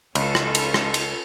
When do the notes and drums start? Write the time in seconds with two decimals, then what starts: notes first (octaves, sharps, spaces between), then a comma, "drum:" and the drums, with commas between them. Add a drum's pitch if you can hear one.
0.15 C#2 C#4 F4 A4, drum: cymbal
0.35 drum: rim click
0.55 drum: cymbal
0.74 drum: rim click
0.94 drum: cymbal